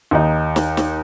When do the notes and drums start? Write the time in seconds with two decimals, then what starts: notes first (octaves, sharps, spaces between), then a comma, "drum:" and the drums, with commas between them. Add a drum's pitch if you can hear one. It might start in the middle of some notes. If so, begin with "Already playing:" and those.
0.11 D#2 D#4
0.56 drum: snare
0.77 drum: snare